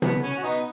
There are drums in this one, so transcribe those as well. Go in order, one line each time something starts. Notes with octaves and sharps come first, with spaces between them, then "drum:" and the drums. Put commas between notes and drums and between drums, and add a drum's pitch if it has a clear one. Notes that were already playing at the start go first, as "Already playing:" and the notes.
B3, drum: tom
C#4
F#4
B3 D#4